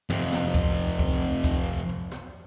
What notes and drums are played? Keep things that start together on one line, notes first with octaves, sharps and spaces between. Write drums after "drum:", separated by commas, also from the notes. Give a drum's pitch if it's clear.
F2 C3, drum: tom
drum: snare
drum: kick C2, hi-hat
drum: kick C2
drum: kick C2, hi-hat
drum: tom
drum: snare